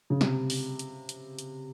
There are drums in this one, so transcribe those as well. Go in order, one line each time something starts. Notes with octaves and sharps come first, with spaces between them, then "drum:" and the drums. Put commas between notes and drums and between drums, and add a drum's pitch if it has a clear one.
C#3
C3, drum: snare
drum: open hi-hat
drum: hi-hat
drum: hi-hat
drum: hi-hat